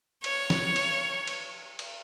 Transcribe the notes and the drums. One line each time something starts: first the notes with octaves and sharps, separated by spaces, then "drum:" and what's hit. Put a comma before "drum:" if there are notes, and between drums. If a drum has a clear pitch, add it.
C#5, drum: cymbal
drum: snare
drum: cymbal
drum: cymbal
drum: cymbal